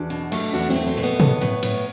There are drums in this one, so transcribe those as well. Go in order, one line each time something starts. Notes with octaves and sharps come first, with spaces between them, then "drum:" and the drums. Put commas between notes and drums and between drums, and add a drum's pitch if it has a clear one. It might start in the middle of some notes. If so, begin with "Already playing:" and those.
Already playing: E2 D4 F#4
B2
A3, drum: cymbal
E2 D4 F#4
C4 E4
A3
C4
B2
B3
A2, drum: tom
A2
A2, drum: cymbal